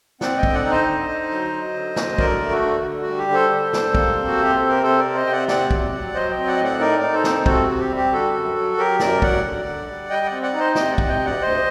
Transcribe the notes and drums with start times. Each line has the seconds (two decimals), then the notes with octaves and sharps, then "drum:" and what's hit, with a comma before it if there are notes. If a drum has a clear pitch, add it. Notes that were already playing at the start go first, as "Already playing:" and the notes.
0.21 C4 D5 F#5, drum: snare
0.37 D#5 G5
0.43 D3, drum: kick
0.54 D5 F#5
0.65 D#4
0.70 C5 D#5
0.87 D3
1.09 D#4
1.31 F#3
1.53 F#3
1.74 D3
1.96 F#3, drum: snare
2.18 D3 A#4 D5, drum: kick
2.40 A3
2.52 F#4
2.62 D3
2.84 D3
3.02 F#4
3.07 G3
3.18 G4
3.29 D3
3.34 A4 C5
3.51 D3
3.73 G3, drum: snare
3.95 A#3, drum: kick
4.16 C4
4.28 F#4
4.38 C3 G4
4.55 C4 A4
4.69 A#4
4.82 C3 A4 C5
4.99 A#4 D5
5.05 C3
5.15 C5 D#5
5.26 C3 G5
5.32 D5 F#5
5.48 C4 D5 F#5, drum: snare
5.71 F#3, drum: kick
5.93 F#3
6.14 F#3 C5 D#5
6.31 D#5 G5
6.37 C4
6.47 D5 F#5
6.56 A2 D#5
6.64 D5 F#5
6.80 D#4 A#4 D5
7.03 D#4
7.13 A4 C5
7.24 C4, drum: snare
7.46 C3 F#4 A4, drum: kick
7.62 F#4
7.69 C4
7.80 G4
7.90 G3
7.96 G4
8.12 D3 F#4 A4
8.34 F#2
8.56 F#3
8.78 F#3 G4 A#4
9.00 F#2 A#4 D5, drum: snare
9.22 F#3 D5 F#5, drum: kick
9.43 D3
9.66 D3
9.87 G3
10.10 G3 D#5 G5
10.26 D5 F#5
10.32 C4
10.43 D5 F#5
10.53 D#4
10.60 C5 D#5
10.75 C3 D#5 G5, drum: snare
10.92 D5 F#5
10.98 C3, drum: kick
11.08 D#5 G5
11.20 D2
11.25 D5 F#5
11.41 D2 C5 D#5